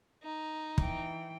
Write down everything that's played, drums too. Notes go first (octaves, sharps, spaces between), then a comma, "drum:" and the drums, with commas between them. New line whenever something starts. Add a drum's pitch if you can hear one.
D#4
E3 G5, drum: kick